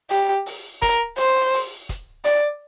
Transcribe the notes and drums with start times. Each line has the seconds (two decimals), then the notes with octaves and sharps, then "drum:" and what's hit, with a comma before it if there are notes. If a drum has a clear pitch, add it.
0.10 G4, drum: hi-hat
0.46 drum: open hi-hat
0.82 A#4, drum: kick, hi-hat
1.18 C5, drum: hi-hat
1.53 drum: open hi-hat
1.89 drum: kick, hi-hat
2.25 D5, drum: hi-hat